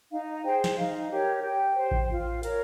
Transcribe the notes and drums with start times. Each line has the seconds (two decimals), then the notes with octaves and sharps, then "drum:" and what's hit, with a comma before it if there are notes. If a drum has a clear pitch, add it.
0.11 D#4 F5
0.44 G#4 C5 G5
0.64 drum: snare
0.77 D#4 F5
1.11 G4 A#4 C#5
1.43 G4 G5
1.76 C5
1.91 drum: kick A1
2.10 F4
2.43 A#4 C#5, drum: hi-hat